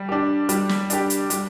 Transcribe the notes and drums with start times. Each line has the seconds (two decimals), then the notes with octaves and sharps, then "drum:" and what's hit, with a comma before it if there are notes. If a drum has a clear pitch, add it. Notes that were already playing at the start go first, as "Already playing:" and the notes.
Already playing: G3
0.09 D4 G4
0.49 G3, drum: hi-hat
0.69 drum: snare
0.90 D4 G4, drum: hi-hat
1.10 drum: hi-hat
1.30 G3, drum: hi-hat